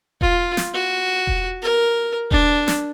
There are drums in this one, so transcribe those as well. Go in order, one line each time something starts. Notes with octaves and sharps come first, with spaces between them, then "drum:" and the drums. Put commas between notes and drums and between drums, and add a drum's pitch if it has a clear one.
F4, drum: kick E1
drum: snare
F#4
drum: kick E1
A#4
D4, drum: kick E1
drum: snare